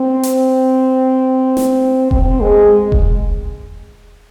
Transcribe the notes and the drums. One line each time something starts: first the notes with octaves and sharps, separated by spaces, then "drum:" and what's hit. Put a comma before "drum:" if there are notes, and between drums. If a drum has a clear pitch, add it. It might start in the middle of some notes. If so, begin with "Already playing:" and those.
Already playing: C4
drum: hi-hat
drum: snare
C4, drum: kick E1
G#3
drum: kick E1